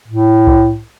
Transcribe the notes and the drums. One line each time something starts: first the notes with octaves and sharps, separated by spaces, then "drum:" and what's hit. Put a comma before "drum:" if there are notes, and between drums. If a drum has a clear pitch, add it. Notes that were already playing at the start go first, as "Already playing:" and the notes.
A2
drum: kick C2